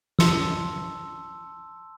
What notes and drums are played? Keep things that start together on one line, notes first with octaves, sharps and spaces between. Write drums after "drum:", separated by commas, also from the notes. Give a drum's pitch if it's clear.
A5 C6 E6, drum: snare